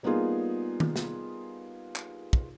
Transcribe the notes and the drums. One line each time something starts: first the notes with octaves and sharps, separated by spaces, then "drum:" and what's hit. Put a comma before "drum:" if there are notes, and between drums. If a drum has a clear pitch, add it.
G3 A#3 B3 D#4 F4 G#4
drum: tom D#3
drum: snare
drum: clap
drum: kick